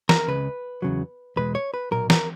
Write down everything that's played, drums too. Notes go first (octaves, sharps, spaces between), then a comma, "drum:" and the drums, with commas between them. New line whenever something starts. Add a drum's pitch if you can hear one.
A#4, drum: snare
C#2 C#3 B4
E2 C#3 F#3
E2 B2 G#3 B4
C#5
B4
B1 A#2 F#3 A#4
A#4, drum: snare